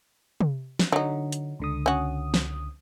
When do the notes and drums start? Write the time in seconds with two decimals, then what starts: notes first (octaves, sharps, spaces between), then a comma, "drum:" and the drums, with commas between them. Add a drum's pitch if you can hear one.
0.41 drum: tom
0.79 drum: snare
0.92 D3 F#3 D#4
1.32 drum: hi-hat
1.60 C#2 D3 D#6
1.86 C#4 F#4
2.34 drum: snare